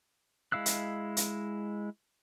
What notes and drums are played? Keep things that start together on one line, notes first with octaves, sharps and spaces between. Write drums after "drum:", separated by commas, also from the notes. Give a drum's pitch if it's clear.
G#3 E4 F5 E6 F#6
drum: hi-hat
drum: hi-hat